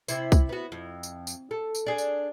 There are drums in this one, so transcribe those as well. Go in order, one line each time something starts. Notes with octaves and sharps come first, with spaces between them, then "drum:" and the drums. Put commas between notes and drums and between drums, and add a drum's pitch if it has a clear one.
C3 E4 C5, drum: tambourine
drum: kick C2, tambourine
B3 F#4
F2
drum: tambourine
drum: tambourine
A4
drum: tambourine
D4 G#4
drum: tambourine